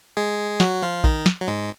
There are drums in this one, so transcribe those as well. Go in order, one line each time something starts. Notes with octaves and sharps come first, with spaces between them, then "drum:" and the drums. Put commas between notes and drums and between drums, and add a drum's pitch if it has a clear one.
G#3 G#4
F#3 F#4, drum: snare
F3 F4
D#3 D#4, drum: kick A#1
drum: snare
F#3
G#2 G#3